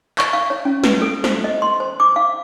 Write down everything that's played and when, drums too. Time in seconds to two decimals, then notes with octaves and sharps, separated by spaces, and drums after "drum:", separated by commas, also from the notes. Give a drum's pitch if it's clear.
0.19 C#6, drum: clap
0.33 F5
0.50 C#5
0.65 C#4
0.84 B4, drum: snare
1.02 A4
1.24 C5, drum: snare
1.44 D#5
1.62 C6
1.80 C5
2.00 D6
2.16 F5